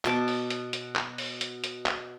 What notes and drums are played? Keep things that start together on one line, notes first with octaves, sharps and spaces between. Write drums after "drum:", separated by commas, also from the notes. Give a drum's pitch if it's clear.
B2 A5 D6, drum: clap
drum: open hi-hat
drum: hi-hat
drum: hi-hat
drum: clap
drum: open hi-hat
drum: hi-hat
drum: hi-hat
drum: clap